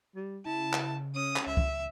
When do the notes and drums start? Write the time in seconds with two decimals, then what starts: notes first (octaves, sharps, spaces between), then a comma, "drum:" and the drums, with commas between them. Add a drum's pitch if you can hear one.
0.15 G3
0.46 C#3 E4 A5
0.73 drum: clap
1.15 C#4 D#6
1.36 drum: clap
1.47 C#2 E5
1.57 drum: kick